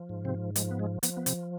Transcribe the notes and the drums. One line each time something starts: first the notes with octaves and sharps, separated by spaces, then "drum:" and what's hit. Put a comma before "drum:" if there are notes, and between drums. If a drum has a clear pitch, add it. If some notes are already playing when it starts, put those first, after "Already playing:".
Already playing: F3
G#2
C3 C4
F3 G#3, drum: hi-hat
B3
G#3
F3 B3, drum: hi-hat
B3
C3 C4, drum: hi-hat